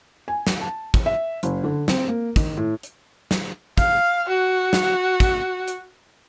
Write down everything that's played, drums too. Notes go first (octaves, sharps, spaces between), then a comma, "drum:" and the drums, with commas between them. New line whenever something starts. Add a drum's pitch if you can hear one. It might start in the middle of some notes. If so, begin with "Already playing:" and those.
G#5
drum: snare
A5
drum: kick, hi-hat
E5
F#1, drum: hi-hat
D3
C4, drum: snare
A#3
D#3, drum: kick, hi-hat
A2
drum: hi-hat
drum: snare
F5, drum: kick, hi-hat
F#4
drum: snare
drum: kick, hi-hat
drum: hi-hat